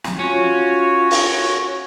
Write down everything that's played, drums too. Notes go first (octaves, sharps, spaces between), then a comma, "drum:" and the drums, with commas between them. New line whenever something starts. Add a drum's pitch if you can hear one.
drum: snare
C#4 F4 F#4 C#5
drum: open hi-hat